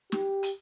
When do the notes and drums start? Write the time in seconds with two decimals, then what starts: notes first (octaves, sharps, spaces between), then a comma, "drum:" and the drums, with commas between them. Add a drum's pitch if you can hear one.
0.12 G4, drum: snare
0.43 drum: hi-hat